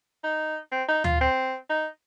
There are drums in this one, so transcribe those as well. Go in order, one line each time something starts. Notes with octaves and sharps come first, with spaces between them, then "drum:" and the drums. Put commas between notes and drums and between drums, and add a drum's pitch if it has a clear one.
D#4
C4
D#4
F4, drum: tom
C4
D#4